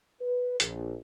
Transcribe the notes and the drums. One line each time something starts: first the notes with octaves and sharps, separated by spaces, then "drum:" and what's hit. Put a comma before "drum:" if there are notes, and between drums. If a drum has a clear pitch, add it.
B4
A#1, drum: hi-hat